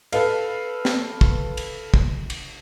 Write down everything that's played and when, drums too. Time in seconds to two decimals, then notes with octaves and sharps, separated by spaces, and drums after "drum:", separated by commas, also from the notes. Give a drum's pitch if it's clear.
0.13 A4 B4 F5, drum: cymbal
0.85 drum: snare
1.21 drum: kick
1.57 drum: cymbal
1.94 drum: kick
2.30 drum: cymbal